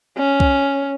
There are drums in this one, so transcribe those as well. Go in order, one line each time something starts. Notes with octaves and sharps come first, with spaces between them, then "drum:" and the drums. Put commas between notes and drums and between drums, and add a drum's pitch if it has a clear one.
C#4
drum: kick C2